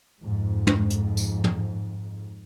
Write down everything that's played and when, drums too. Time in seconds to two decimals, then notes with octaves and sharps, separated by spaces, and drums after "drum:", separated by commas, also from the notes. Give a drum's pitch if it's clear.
0.22 F2 G#2
0.67 drum: tom
0.90 drum: hi-hat
1.17 drum: tambourine
1.44 drum: tom